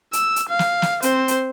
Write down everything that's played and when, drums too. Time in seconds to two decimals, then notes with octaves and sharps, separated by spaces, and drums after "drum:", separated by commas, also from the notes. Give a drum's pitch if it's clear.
0.13 E6, drum: hi-hat
0.36 drum: hi-hat
0.49 F5
0.59 drum: snare
0.82 drum: snare
1.02 C4 C5, drum: hi-hat
1.28 drum: hi-hat